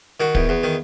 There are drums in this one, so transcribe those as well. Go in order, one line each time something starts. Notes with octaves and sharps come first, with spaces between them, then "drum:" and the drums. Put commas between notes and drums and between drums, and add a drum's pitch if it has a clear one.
D#3 F#4
E2, drum: kick
E2
D#3